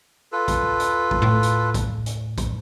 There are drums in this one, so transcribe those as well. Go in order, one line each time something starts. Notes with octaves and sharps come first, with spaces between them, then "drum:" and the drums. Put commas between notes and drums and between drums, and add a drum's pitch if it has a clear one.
F4 A4 B4
drum: kick A#1, hi-hat
drum: hi-hat
drum: kick A#1
A2
drum: hi-hat
drum: kick A#1, hi-hat
drum: hi-hat
drum: kick A#1, hi-hat